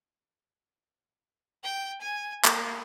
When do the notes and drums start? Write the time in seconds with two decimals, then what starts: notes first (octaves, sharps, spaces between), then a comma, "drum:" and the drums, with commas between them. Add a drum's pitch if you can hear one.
1.64 G5
2.01 G#5
2.45 A#3, drum: clap